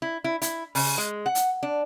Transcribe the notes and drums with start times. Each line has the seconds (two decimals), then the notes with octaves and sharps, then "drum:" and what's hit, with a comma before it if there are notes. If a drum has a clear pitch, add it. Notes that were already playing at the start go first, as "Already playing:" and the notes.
0.02 E4
0.24 E4
0.42 E4, drum: hi-hat
0.75 C#3, drum: open hi-hat
0.98 G#3
1.26 F#5
1.35 drum: hi-hat
1.63 D4